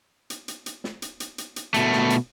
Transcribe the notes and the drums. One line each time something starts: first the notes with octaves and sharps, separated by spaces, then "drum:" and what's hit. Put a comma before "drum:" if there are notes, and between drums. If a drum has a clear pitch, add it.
drum: hi-hat
drum: hi-hat
drum: hi-hat
drum: snare
drum: hi-hat
drum: hi-hat
drum: hi-hat
drum: hi-hat
B2 A3, drum: hi-hat
drum: snare
drum: hi-hat